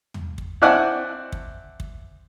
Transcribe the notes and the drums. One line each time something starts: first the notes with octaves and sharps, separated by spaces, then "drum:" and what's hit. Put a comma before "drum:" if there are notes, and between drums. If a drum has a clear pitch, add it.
drum: tom
drum: kick
C4 E4 D5 F#5 G#5 A5
drum: kick
drum: kick